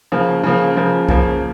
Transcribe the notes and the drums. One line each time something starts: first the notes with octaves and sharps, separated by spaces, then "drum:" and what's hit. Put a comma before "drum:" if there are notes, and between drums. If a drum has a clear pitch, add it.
C#3 F3 A#3
C#3 F3 A#3
C#3 F3 A#3
C#3 F3 A#3, drum: kick B1